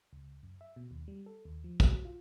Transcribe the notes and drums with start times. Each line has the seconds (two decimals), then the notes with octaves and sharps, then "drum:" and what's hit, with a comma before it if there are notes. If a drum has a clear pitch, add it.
0.13 C#2
0.43 F#2
0.61 E5
0.76 B2
0.91 D#2
1.08 G3
1.26 A4
1.45 D#2
1.64 F3
1.80 F#4, drum: kick, tambourine
2.05 F4